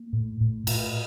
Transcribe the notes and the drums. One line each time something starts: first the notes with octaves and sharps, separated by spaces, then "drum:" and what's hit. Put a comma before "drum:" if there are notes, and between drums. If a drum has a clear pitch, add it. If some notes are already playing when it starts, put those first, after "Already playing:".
Already playing: A#3
A2
A2
A2, drum: cymbal